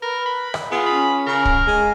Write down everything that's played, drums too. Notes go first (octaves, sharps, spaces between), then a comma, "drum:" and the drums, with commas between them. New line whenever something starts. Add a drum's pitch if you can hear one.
A#4 B4
B5
drum: rim click
B3 F4 G#4
C#4 B5
C#3 A#4 F5
drum: kick
G#3